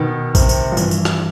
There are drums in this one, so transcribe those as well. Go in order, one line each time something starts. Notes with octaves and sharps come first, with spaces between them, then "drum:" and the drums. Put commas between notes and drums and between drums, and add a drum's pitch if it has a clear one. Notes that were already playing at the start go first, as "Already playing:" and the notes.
Already playing: B2 D#3
C3, drum: kick, tambourine
drum: tambourine
F3
G2 E3, drum: tambourine
drum: tambourine
drum: rim click